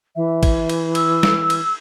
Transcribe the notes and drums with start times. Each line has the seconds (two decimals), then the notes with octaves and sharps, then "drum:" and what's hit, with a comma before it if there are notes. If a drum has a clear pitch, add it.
0.16 E3 E5
0.43 drum: kick, cymbal
0.69 drum: cymbal
0.95 E6, drum: cymbal
1.23 drum: snare
1.50 drum: cymbal